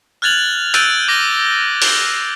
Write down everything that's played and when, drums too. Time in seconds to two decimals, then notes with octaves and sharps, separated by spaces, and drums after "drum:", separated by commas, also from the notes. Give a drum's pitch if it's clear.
0.22 F6 F#6 G#6 A6 F7 F#7
0.74 E6 F#6 G6 A6 D7 D#7, drum: hi-hat
1.08 D6 A#6 G7
1.82 drum: open hi-hat